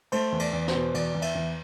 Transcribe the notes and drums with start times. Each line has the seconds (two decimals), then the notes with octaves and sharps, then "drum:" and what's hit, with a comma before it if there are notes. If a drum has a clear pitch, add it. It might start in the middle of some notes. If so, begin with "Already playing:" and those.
0.12 A3 C5, drum: cymbal
0.32 E2
0.39 D5, drum: cymbal
0.53 E2
0.68 C5, drum: snare
0.75 B2
0.94 E2 D5, drum: cymbal
1.15 E2
1.22 E5, drum: cymbal
1.35 E2